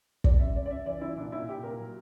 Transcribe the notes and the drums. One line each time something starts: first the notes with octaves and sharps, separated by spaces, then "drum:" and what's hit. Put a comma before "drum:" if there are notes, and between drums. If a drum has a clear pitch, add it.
G3 D5, drum: kick
F#2 E5
F#2 D5
D5
C#3 E5
E3 D5
F#2 E4
A#2 D4
A#2 E4
A#2 G4
A#2 A#4
F#3